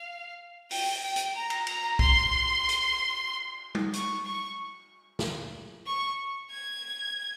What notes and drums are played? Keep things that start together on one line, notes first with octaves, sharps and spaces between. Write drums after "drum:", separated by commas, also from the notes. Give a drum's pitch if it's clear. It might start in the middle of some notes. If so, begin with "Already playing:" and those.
Already playing: F5
G5, drum: open hi-hat
G5
drum: hi-hat
A#5
drum: cymbal
A#5, drum: cymbal
C6, drum: kick
drum: hi-hat
drum: tom G3
C#6, drum: hi-hat
C#6
drum: snare
C#6
G#6